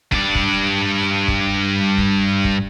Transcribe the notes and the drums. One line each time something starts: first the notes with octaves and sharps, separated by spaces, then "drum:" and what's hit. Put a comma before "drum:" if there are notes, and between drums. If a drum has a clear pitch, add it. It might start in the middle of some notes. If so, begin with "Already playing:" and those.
G2 D5, drum: kick
drum: kick
drum: kick
drum: kick
drum: kick